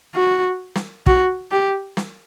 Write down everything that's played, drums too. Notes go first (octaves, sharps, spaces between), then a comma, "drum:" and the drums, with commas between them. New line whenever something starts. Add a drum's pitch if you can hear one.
F#4
drum: snare
F#4, drum: kick
G4
drum: snare